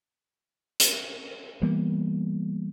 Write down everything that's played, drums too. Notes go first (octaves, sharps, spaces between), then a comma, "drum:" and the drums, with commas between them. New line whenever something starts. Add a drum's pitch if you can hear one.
drum: hi-hat
E3 G3 A#3 B3